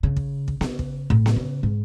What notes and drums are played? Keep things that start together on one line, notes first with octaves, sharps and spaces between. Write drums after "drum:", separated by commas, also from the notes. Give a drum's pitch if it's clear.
C#3
drum: kick
drum: kick
C#3, drum: snare B3
drum: kick
A2, drum: kick
drum: snare B3
C#3
G#2